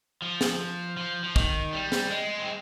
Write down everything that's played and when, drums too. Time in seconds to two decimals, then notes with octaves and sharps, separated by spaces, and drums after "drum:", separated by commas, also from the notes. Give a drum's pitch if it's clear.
0.22 F3
0.41 drum: snare
0.97 F3
1.24 F3
1.36 D#3, drum: kick
1.73 G3
1.92 drum: snare
2.10 G#3
2.39 C4